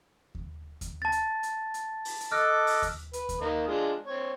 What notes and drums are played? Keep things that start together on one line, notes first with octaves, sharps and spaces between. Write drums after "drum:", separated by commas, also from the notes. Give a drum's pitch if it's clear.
drum: kick D#2
drum: kick D#2, hi-hat
A5 A6
drum: hi-hat
drum: hi-hat
drum: hi-hat
drum: open hi-hat
drum: hi-hat
A4 D#5 D6 F6 F#6
drum: open hi-hat
drum: kick D#2, hi-hat
B4, drum: hi-hat
drum: kick D#2, hi-hat
A#3 D#4 D#6
G#3 D4 F4
C4 C#5